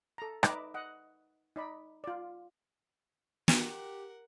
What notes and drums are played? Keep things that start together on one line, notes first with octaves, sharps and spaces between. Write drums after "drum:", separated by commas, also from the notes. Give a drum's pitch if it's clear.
A4 A#5
D#4 B4 D5 E5 A#5 D6, drum: rim click
D#5 F#5
D#4 D5 B5
F4 D5
G4 A#4 F#5, drum: snare